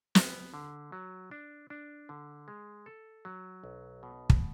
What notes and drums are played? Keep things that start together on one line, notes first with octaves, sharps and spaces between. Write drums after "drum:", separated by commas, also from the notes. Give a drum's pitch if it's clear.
B3, drum: snare
D3
F#3
D4
D4
D3
G#3
A4
F#3
B1
B2
drum: kick